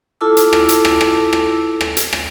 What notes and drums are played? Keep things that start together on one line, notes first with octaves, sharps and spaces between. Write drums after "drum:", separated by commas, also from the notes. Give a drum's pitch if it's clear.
E4 F4 A4 A5 D6 E6
drum: hi-hat
drum: rim click
drum: hi-hat
drum: rim click
drum: rim click
drum: rim click
drum: rim click
drum: hi-hat
drum: rim click